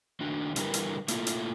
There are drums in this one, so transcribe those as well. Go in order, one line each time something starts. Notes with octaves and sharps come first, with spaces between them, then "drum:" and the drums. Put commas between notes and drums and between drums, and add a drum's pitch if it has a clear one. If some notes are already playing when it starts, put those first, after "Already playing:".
D#3 D4 F#4
D3 E3 G3 A#4 B4, drum: hi-hat
drum: hi-hat
A3 A#3 E4 F4, drum: hi-hat
drum: hi-hat